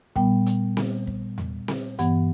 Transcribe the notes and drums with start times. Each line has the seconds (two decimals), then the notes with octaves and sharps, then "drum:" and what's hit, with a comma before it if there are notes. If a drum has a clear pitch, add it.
0.16 A#2 G3 B3 G5, drum: kick
0.46 drum: hi-hat
0.77 drum: snare C4
1.07 drum: kick
1.38 drum: tom E2
1.68 drum: snare C4
1.99 G2 E3 B3 F#5, drum: hi-hat